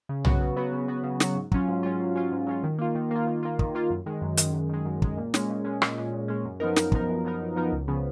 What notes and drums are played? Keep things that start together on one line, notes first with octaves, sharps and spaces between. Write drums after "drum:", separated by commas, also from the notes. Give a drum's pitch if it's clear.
C#3
F#3 B3 F#4, drum: tom
C#3
F#3 B3 F#4
C#3
F#3 B3 F#4
C#3
F#3 B3 F#4, drum: snare
G#2
F#3 C#4 F4, drum: kick
G#2
F#3 C#4 F4
G#2
F#3 C#4 F4
G#2
F#3 C#4 F4
D#3
A#3 F4
D#3
A#3 F4
D#3
A#3 F4
D#3, drum: kick
A#3 F4
F#2
D#3 G#3
F#2
D#3 G#3, drum: hi-hat
F#2
D#3 G#3
F#2
D#3 G#3, drum: kick
A#2
G#3 C#4, drum: snare
A#2
G#3 C#4
A#2, drum: rim click
G#3 C#4
A#2
G#3 C#4
F#2
F3 B3 D#4 A#4
F#2, drum: snare
F3 B3 D#4 A#4, drum: kick
F#2
F3 B3 D#4 A#4
F#2
F3 B3 D#4 A#4
C#2
C#3 F3 B3